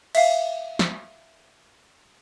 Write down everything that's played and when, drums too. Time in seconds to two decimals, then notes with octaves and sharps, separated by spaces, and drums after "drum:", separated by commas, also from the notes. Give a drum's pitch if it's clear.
0.15 E5 F5, drum: cymbal
0.79 drum: snare